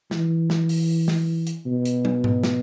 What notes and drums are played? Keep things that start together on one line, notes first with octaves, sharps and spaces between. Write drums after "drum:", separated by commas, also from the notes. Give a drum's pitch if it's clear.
E3, drum: snare
drum: snare
drum: open hi-hat
drum: snare
drum: hi-hat
B2
drum: hi-hat
drum: tom
drum: tom G#2
drum: snare